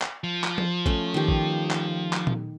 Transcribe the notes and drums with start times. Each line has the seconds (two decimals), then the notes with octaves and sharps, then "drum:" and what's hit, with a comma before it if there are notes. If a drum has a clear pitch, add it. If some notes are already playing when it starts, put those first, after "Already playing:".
0.02 drum: clap
0.24 F3
0.44 drum: clap
0.58 drum: tom F3
0.86 A3 C#4, drum: kick A1
1.14 D#3 G4
1.28 drum: kick A1
1.71 drum: clap
2.13 drum: clap
2.27 drum: tom A#2